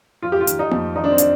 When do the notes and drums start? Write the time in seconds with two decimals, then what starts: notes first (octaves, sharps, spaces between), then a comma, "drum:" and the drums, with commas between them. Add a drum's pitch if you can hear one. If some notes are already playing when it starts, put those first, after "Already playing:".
0.22 F2 F4
0.32 G4
0.41 F4
0.47 D#3, drum: hi-hat
0.59 D#4
0.71 F2, drum: tom A#3
0.96 D#3 D#4
1.04 D4
1.11 C4
1.18 D4, drum: hi-hat